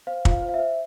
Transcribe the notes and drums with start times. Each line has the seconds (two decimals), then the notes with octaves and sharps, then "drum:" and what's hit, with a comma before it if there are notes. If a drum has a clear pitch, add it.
0.07 C5 F5
0.25 F4, drum: kick
0.31 F5
0.42 C5
0.49 F5
0.54 E5
0.59 C5